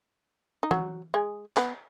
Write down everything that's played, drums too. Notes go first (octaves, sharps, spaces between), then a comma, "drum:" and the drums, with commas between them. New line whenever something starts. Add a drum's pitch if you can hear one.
D#4
F#3 F#4, drum: tom E3
G#3 G#4
B3 B4, drum: clap